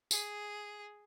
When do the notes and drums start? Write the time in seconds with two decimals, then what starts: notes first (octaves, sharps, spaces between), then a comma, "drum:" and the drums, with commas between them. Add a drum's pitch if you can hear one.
0.11 G#4, drum: tambourine